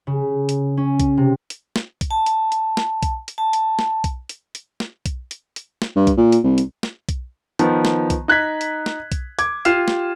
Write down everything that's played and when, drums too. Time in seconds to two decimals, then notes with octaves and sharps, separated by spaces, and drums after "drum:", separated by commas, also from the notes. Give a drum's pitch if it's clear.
0.07 C#3
0.49 drum: hi-hat
0.77 C#4
1.00 drum: kick B1, hi-hat
1.17 C3
1.50 drum: hi-hat
1.76 drum: snare
2.01 drum: kick B1, hi-hat
2.11 A5
2.26 drum: hi-hat
2.52 drum: hi-hat
2.77 drum: snare
3.03 drum: kick B1, hi-hat
3.28 drum: hi-hat
3.38 A5
3.53 drum: hi-hat
3.79 drum: snare
4.04 drum: kick B1, hi-hat
4.29 drum: hi-hat
4.55 drum: hi-hat
4.80 drum: snare
5.06 drum: kick B1, hi-hat
5.31 drum: hi-hat
5.56 drum: hi-hat
5.82 drum: snare
5.96 G2
6.07 drum: kick B1, hi-hat
6.17 A#2
6.32 drum: hi-hat
6.43 C2
6.58 drum: hi-hat
6.83 drum: snare
7.09 drum: kick B1, hi-hat
7.59 D#3 F3 B3, drum: hi-hat
7.85 drum: snare
8.10 drum: kick B1, hi-hat
8.28 D#4 F#6 G#6 B6
8.61 drum: hi-hat
8.86 drum: snare
9.12 drum: kick B1, hi-hat
9.39 D6 G#6, drum: hi-hat
9.65 F4 G4 F6 C7 E7, drum: hi-hat
9.88 drum: snare